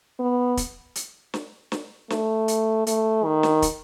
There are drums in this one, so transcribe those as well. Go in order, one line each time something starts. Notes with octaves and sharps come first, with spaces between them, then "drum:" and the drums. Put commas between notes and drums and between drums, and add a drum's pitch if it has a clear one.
B3
drum: kick, hi-hat
drum: hi-hat
drum: snare
drum: snare
A3, drum: snare
drum: hi-hat
A3, drum: hi-hat
D#3
drum: snare
drum: kick, hi-hat